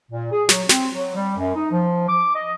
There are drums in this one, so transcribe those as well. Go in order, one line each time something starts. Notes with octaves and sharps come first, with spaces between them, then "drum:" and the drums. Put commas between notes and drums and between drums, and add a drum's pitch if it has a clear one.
A#2
G#4
F#3, drum: snare
C4, drum: snare
F#3
G3
F#2
D#4
F3
D6
D#5